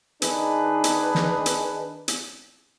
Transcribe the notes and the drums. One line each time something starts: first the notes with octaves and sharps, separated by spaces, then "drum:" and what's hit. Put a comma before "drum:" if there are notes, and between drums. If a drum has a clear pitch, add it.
D#3 D4 D#4 G#4 B4, drum: hi-hat
drum: hi-hat
drum: snare
drum: hi-hat
drum: hi-hat